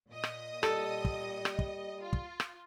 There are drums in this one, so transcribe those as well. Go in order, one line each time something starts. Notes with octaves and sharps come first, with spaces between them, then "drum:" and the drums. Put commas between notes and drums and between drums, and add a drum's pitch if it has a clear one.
A#2 D#5 D#6
drum: rim click
G3 A4, drum: rim click
drum: kick
drum: rim click
drum: kick
F4
drum: kick
drum: rim click